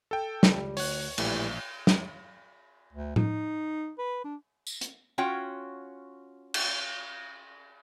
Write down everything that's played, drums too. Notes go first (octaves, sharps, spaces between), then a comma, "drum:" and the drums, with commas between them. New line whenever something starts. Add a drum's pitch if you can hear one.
A4 G5
C#2 G3, drum: snare
D2 C#5 F#6, drum: open hi-hat
A#1 A2 E3 G3, drum: cymbal
drum: snare
D2
D#4, drum: tom A2
B4
D4
drum: tambourine
drum: hi-hat
C#4 F4 F#4 C#5 G5
drum: cymbal